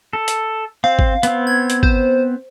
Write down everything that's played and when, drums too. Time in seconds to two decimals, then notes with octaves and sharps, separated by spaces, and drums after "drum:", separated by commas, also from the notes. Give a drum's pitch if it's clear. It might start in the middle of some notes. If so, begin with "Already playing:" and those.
0.13 A4
0.28 drum: hi-hat
0.84 C4 F5
0.99 drum: kick G#1
1.23 B3 C4, drum: hi-hat
1.47 G#6
1.70 drum: hi-hat
1.83 C5, drum: kick G#1